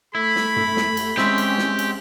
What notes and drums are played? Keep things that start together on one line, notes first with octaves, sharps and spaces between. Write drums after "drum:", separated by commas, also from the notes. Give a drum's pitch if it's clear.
A3 E4 B5
drum: snare
drum: tom G2
drum: snare
drum: cymbal
G#3 C4 C#4 G4 E5, drum: snare
drum: cymbal
drum: snare
drum: cymbal